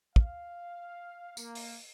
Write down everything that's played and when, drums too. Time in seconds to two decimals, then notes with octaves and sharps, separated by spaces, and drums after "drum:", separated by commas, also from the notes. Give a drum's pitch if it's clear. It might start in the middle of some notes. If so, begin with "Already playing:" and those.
0.16 F5, drum: kick
1.37 A#3, drum: tambourine
1.55 drum: open hi-hat